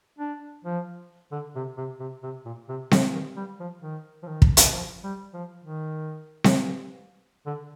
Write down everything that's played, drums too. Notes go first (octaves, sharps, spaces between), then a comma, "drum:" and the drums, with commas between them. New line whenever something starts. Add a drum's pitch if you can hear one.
D4
F3
D3
C3
C3
C3
C3
A#2
C3
D3, drum: snare C4
D#3
G3
F3
D#3
F3
D#3
drum: kick
drum: hi-hat
F3
G3
F3
D#3
drum: snare C4
D3